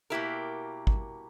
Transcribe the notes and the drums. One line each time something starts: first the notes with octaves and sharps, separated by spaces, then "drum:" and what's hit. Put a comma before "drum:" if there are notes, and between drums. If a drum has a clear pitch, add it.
B2 A#3 E4 G4 A#4
drum: kick